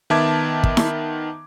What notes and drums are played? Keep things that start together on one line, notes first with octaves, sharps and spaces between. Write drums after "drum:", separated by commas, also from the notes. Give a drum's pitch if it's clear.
D#3 B3 E5 A5 D6 G#6
drum: kick
drum: snare E4